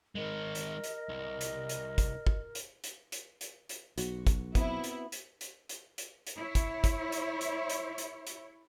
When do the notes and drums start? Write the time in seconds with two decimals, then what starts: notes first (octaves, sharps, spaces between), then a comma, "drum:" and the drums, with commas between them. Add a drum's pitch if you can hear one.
0.16 D#3 G#3 A#4 D#5
0.55 drum: hi-hat
0.84 drum: hi-hat
1.09 C2
1.41 drum: hi-hat
1.69 drum: hi-hat
1.98 drum: kick, hi-hat
2.27 drum: kick
2.55 drum: hi-hat
2.84 drum: hi-hat
3.12 drum: hi-hat
3.41 drum: hi-hat
3.69 drum: hi-hat
3.98 B1 F#4, drum: hi-hat
4.27 drum: kick, hi-hat
4.55 B3 C4 E4 B4, drum: kick, hi-hat
4.84 drum: hi-hat
5.12 drum: hi-hat
5.41 drum: hi-hat
5.69 drum: hi-hat
5.98 drum: hi-hat
6.27 drum: hi-hat
6.37 E4 C#5
6.55 drum: kick, hi-hat
6.84 drum: kick, hi-hat
7.12 drum: hi-hat
7.41 drum: hi-hat
7.69 drum: hi-hat
7.98 drum: hi-hat
8.27 drum: hi-hat